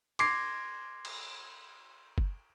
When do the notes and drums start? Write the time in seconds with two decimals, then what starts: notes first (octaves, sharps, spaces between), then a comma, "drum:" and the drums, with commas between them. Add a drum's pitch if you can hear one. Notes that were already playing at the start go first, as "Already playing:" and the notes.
0.19 C6 D6 G#6 A#6 C7, drum: cymbal
1.05 drum: cymbal
2.18 drum: kick F#1